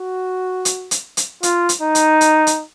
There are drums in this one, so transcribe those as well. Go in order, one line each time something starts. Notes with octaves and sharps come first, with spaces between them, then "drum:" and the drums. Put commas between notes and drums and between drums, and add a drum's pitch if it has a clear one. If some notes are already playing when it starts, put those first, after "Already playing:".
Already playing: F#4
drum: hi-hat
drum: hi-hat
drum: hi-hat
F4, drum: hi-hat
drum: hi-hat
D#4
drum: hi-hat
drum: hi-hat
drum: hi-hat